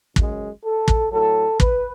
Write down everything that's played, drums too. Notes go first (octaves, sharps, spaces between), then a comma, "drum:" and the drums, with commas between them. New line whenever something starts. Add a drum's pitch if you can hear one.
F#2 C#3 G#3, drum: kick
A4
drum: kick
A2 F#3 A4
B4, drum: kick